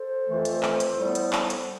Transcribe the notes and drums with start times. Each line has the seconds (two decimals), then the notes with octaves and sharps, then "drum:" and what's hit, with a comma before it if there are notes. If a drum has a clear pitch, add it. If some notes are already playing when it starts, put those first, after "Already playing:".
Already playing: A4 C5
0.28 F2 E3 A3
0.45 drum: hi-hat
0.63 drum: clap
0.80 drum: hi-hat
0.98 A2 G3 B3
1.15 drum: hi-hat
1.33 drum: clap
1.50 drum: hi-hat